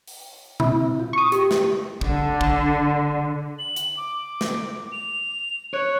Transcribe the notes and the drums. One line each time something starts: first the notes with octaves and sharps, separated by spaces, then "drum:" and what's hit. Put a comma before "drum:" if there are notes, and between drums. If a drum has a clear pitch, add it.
drum: open hi-hat
C4 E4, drum: tom A#2
F4
C#6 D#6
G4, drum: hi-hat
drum: snare
D3, drum: kick
drum: kick
F#7
drum: hi-hat
D6
drum: snare
F7
C#5 F#6